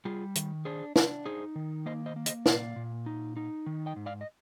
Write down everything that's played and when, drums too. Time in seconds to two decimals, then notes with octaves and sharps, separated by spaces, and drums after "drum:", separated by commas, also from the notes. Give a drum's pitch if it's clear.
0.05 G3 F4 G#4
0.35 D#3, drum: hi-hat
0.65 D4 G#4 C5
0.96 D4, drum: snare
1.26 D#4 G#4 C5
1.56 D#3
1.86 A#3 C5 D#5
2.06 C5 D#5
2.16 A#3
2.26 C5 D#5, drum: hi-hat
2.46 A#2 D5 F5, drum: snare
2.76 A#2
3.06 D#4
3.37 D#4
3.66 D#3
3.86 D#5 G5
3.96 G#2
4.06 D5 F5
4.21 D#5